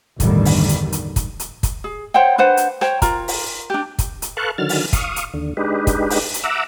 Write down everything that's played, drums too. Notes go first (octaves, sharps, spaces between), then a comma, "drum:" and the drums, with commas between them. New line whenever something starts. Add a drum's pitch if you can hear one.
A1 E2 G2 D3 D#3 G3, drum: kick, hi-hat
drum: open hi-hat
drum: hi-hat
drum: hi-hat
drum: kick, hi-hat
drum: hi-hat
drum: kick, hi-hat
G#4
C5 C#5 F#5 G5
D4 B4 C5 F#5
drum: hi-hat
C5 C#5 G5, drum: rim click
F4 A#4 A#5, drum: kick, hi-hat
drum: open hi-hat
D4 G4
drum: kick, hi-hat
drum: hi-hat
A4 B4 F5 A5 C#6 F#6
D3 D#3 F#3 F6 A6
drum: open hi-hat
F5 C#6 D#6, drum: kick, hi-hat
drum: hi-hat
D#2 D3
G#3 D4 D#4 G4 B4
drum: kick, hi-hat
drum: open hi-hat
drum: hi-hat
E5 F#5 A#5 D6 E6